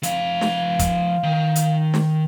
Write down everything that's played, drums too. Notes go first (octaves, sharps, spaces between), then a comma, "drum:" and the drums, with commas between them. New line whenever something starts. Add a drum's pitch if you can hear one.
F3 E5 F5, drum: hi-hat
drum: snare
drum: kick, hi-hat
D#3
drum: hi-hat
drum: snare